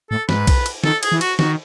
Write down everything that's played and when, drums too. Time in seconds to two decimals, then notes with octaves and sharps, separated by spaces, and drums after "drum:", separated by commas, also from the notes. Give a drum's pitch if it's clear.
0.10 A2 A4
0.29 G#2 B4, drum: snare
0.47 drum: kick, cymbal
0.66 drum: cymbal
0.84 D#3 A4, drum: snare
1.03 G#4, drum: cymbal
1.12 E3
1.21 F#4, drum: cymbal
1.39 D#3 F#4, drum: snare